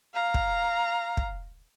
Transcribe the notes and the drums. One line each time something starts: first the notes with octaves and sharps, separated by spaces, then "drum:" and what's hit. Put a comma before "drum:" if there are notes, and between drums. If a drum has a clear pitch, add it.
F5 A#5
drum: kick
drum: kick